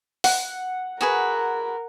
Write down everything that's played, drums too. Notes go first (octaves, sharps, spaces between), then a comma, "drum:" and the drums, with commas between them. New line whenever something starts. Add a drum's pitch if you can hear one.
F#5, drum: open hi-hat
F#4 G#4 A#4 B4